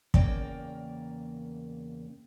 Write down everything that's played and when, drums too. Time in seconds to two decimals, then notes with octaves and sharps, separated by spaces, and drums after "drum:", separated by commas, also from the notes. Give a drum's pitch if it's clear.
0.14 E2 C#3 A#3 A#4 D5 G5, drum: kick